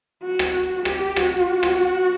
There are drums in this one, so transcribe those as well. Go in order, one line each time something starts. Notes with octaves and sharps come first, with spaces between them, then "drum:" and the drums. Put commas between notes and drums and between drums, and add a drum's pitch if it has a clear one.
F#4
drum: rim click
G4, drum: rim click
F#4, drum: rim click
drum: rim click